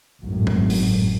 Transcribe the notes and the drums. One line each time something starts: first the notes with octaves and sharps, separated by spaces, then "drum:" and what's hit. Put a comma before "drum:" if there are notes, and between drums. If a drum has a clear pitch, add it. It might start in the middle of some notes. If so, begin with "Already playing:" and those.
G#1 F#2 A2
drum: tom G2
drum: open hi-hat